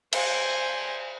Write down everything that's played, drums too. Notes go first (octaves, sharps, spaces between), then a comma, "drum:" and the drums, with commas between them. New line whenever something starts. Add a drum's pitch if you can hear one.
C5 G#5, drum: cymbal